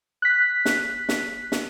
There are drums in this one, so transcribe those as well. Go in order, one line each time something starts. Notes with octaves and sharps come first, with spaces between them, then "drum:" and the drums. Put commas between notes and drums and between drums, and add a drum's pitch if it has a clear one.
F#6 B6
drum: snare
drum: snare
drum: snare